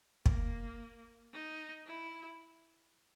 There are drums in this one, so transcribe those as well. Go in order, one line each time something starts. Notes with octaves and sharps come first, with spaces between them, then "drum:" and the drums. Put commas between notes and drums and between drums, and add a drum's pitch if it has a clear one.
A#3, drum: kick
D#4
E4